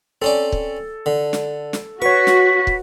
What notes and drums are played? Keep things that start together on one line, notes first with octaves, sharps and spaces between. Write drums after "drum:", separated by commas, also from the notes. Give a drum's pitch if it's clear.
C4 C#4 A4 D5
drum: kick
D3
drum: snare
drum: snare
F#4 B4 C#5 C#6 B6
drum: snare
drum: kick